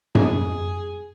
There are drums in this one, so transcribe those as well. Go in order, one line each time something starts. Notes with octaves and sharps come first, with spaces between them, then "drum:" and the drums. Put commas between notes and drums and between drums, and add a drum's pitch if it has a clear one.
G#4, drum: tom F#2